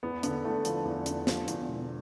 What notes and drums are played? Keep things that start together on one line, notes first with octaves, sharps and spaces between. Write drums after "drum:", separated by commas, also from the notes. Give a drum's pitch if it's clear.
E2 B3
D3 B3, drum: hi-hat
E2 A3
F3, drum: hi-hat
E2
D3, drum: hi-hat
F3, drum: snare
E2, drum: hi-hat
E1